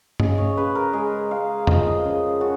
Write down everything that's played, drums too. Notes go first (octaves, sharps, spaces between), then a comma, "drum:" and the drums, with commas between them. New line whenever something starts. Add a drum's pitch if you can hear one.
C#3 D#5, drum: tom G2
C#5
C#3 B4
A#4
G#3 G#4
G#3 F5
F3 D#5, drum: tom E2
C#3
C#3 F#4